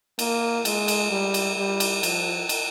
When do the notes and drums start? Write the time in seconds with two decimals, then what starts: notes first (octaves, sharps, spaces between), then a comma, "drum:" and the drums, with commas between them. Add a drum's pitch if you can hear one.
0.19 A#3, drum: cymbal
0.65 G#3, drum: cymbal
0.88 drum: cymbal
1.10 G3
1.34 drum: cymbal
1.57 G3
1.80 drum: cymbal
2.03 F3, drum: cymbal
2.49 drum: cymbal